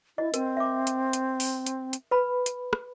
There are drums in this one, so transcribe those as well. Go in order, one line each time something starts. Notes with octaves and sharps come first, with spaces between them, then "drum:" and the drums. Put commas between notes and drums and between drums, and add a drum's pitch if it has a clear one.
E4 D#5
C4 A#4, drum: hi-hat
E5 D6
drum: hi-hat
drum: hi-hat
drum: open hi-hat
drum: hi-hat
drum: hi-hat
B4 B5
drum: hi-hat
drum: rim click